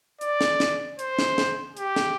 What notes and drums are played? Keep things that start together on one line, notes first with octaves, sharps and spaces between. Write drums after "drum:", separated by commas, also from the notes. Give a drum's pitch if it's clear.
D5, drum: hi-hat
drum: snare
drum: snare
C5, drum: hi-hat
drum: snare
drum: snare
G4, drum: hi-hat
drum: snare